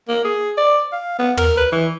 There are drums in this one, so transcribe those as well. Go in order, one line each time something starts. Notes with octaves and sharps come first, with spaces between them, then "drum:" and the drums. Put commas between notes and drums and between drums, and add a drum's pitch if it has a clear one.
A#3
G#4
D5
F5
B3
A#4, drum: tom
B4
E3